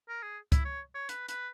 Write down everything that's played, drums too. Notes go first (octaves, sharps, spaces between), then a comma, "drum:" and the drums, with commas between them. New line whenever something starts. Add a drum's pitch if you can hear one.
A#4
G#4
E4, drum: kick C#2, hi-hat
C#5
C#5
B4, drum: hi-hat
B4, drum: hi-hat